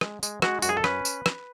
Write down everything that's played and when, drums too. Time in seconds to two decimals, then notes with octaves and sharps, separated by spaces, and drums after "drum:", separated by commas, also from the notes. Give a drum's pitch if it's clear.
0.01 G#3, drum: rim click
0.23 G#3, drum: tambourine
0.42 G#3 F#4, drum: rim click
0.62 F#2 F#4, drum: tambourine
0.69 G#4
0.77 A4
0.84 C#4 B4, drum: rim click
1.05 drum: tambourine
1.26 drum: rim click